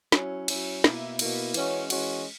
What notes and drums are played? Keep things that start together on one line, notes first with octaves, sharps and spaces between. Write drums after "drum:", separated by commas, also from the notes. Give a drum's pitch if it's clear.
F#3 C#4 E4, drum: snare
F#3 C#4 E4, drum: cymbal
B2 A#3 E4, drum: snare
B2 A#3 E4, drum: cymbal
E3 G#3 C#4 F#4, drum: cymbal
E3 G#3 C#4 F#4, drum: cymbal